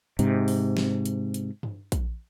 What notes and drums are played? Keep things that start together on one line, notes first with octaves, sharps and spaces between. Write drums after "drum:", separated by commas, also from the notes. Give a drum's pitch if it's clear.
G#2 C3, drum: hi-hat
drum: open hi-hat
drum: snare
drum: hi-hat
drum: hi-hat
drum: tom G2
drum: kick A#1, hi-hat